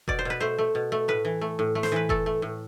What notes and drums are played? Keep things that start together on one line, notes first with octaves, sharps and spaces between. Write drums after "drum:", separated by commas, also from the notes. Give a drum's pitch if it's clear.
B2 D5, drum: kick F1
C5
B2 B4
A3 C5
A3
B2
A3
A2 B4
E3
A3
A2
A3
C5, drum: snare
E3 B4
A3 A4, drum: kick F1
A3
A2